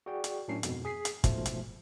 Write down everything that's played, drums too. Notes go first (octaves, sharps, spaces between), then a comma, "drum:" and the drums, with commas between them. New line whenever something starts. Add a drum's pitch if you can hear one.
F#4 G#4 D5 G5
drum: hi-hat
A2 F#3 C#4 D4 A#4 C7
F2 G#2 B2, drum: hi-hat
G#4 B6 C7
drum: hi-hat
G#2 B2 F3 A3, drum: kick, hi-hat
drum: hi-hat